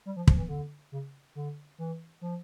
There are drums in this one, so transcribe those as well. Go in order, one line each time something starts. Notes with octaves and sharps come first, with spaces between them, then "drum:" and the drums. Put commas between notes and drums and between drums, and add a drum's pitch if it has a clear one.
G3
F3
F3, drum: kick
E3
D3
C#3
D3
E3
F3